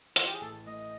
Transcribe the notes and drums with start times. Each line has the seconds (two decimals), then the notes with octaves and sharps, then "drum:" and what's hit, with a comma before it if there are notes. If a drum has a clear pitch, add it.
0.16 E3 F4, drum: hi-hat
0.25 G4
0.33 G#4
0.41 A1 A4
0.67 A2 D#5